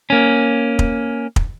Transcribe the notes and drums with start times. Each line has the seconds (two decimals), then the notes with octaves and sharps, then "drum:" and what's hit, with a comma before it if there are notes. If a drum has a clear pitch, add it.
0.10 A#3 C#4
0.79 drum: kick
1.36 drum: kick